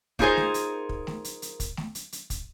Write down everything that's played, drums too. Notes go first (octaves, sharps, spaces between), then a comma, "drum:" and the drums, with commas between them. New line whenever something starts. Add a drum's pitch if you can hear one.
A#3 D#4 F4 G#4 A#4 C5, drum: kick
drum: snare
drum: hi-hat
drum: kick
drum: snare
drum: hi-hat
drum: hi-hat
drum: kick, hi-hat
drum: snare
drum: hi-hat
drum: hi-hat
drum: kick, hi-hat